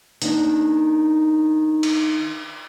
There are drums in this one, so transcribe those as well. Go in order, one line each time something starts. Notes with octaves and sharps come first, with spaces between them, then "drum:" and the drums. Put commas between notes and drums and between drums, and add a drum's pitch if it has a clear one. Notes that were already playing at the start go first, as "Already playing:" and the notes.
D#3 A#3 D4, drum: hi-hat
drum: cymbal